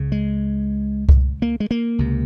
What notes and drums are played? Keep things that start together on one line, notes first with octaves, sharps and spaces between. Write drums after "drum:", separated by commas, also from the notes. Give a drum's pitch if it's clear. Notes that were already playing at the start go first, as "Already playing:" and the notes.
Already playing: C#2 C#3
G#3
drum: kick C2
A#3
G#3
A#3
C#2 C3